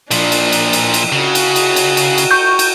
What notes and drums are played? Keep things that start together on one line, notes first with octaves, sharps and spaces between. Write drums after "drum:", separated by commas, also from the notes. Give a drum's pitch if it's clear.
A#2 F3 D4, drum: cymbal
drum: cymbal
drum: cymbal
drum: cymbal
drum: cymbal
C#3 F#4
drum: cymbal
drum: cymbal
drum: cymbal
drum: cymbal
drum: cymbal
C#6 G6
drum: cymbal